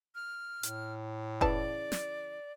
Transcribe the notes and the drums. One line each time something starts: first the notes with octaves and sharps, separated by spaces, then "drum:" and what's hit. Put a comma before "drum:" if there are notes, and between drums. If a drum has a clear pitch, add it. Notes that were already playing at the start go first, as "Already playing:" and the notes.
F6
A2, drum: hi-hat
C#3 E3 D5 A5, drum: kick F1
drum: snare